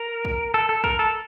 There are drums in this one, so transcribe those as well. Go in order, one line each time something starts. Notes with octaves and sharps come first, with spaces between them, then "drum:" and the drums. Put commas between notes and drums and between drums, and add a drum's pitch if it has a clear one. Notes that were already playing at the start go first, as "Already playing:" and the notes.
Already playing: A#4
drum: kick
A4
A4
A#4, drum: kick
A4